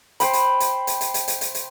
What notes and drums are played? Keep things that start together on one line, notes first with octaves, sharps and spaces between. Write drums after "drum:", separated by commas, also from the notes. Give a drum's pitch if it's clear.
C5 G5 B5, drum: hi-hat
drum: hi-hat
drum: hi-hat
drum: hi-hat
drum: hi-hat
drum: hi-hat
drum: hi-hat
drum: hi-hat
drum: hi-hat